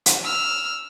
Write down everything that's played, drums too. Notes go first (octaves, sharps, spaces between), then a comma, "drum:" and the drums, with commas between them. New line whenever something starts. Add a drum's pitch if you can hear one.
drum: hi-hat
E6 F6